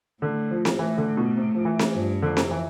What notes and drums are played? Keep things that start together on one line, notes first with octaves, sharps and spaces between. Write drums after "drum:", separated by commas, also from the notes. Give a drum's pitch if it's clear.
A2 D3
F3
drum: snare C4
A2 E3
D3
B2
C3
F3
E3
drum: snare C4
G2 F3
F2 D3
C3, drum: snare C4
E3